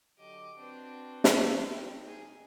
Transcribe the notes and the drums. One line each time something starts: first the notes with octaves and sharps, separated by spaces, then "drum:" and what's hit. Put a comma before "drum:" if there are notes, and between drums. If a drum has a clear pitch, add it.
D3 F#3 G4 D#5 D6
C4 D4 F#4 B4
drum: snare
B2 C4 D#4
G#4